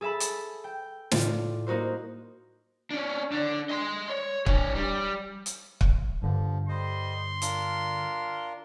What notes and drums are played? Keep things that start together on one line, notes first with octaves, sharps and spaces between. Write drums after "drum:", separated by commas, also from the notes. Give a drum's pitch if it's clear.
G#4 A4 E5 A5 B5
drum: hi-hat
G5
A2 F4 D5, drum: snare
A#3 D#4 F#4 A#4 C5
C#4 D4
D3 D4
D#5 C6
C#5
D4 C#5, drum: kick
G3
drum: hi-hat
drum: kick
G2 D3 F3
G3 C5 D#5 C6
D4 F4 A#4, drum: hi-hat